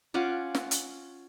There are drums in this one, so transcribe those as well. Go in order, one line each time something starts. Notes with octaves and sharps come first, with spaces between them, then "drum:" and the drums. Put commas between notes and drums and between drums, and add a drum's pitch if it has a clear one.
C#4 F4 F#5 D6
drum: snare
drum: hi-hat